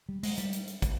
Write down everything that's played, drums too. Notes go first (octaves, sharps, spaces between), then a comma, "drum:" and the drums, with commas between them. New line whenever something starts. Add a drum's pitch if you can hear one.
G3
G#3, drum: open hi-hat
G3, drum: hi-hat
drum: hi-hat
drum: hi-hat
drum: kick, hi-hat